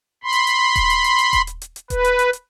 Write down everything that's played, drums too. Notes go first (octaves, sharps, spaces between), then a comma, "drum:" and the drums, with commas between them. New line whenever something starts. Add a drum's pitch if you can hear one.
B5 C6
drum: hi-hat
drum: hi-hat
drum: kick D#1, hi-hat
drum: hi-hat
drum: hi-hat
drum: hi-hat
drum: kick D#1, hi-hat
drum: hi-hat
drum: hi-hat
drum: hi-hat
B4, drum: kick D#1, hi-hat
drum: hi-hat
drum: hi-hat
drum: hi-hat